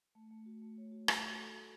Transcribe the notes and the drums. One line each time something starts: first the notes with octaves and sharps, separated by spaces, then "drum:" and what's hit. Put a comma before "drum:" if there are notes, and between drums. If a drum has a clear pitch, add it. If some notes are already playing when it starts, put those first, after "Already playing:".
A3
A3
F#4
A3
C#5
F#4
F#4, drum: rim click
F#4
A4
F#4